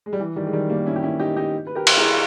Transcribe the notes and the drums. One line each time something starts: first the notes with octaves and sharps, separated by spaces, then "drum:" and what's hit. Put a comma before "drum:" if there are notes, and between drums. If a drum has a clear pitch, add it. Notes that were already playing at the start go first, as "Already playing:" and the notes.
G#3
G3
E3
D#3 G3
G#3
D#3 G3
G3 A#3
C#4 E4
G4
C#4 E4
D#4 G4
D#4 G4
B4
G4 A#4
drum: cymbal
E4 G#4